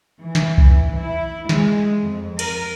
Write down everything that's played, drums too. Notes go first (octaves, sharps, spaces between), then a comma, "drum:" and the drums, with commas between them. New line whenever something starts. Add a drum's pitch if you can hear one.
E3
drum: snare
drum: kick C2
E4
G#3, drum: snare
F2
A#4, drum: cymbal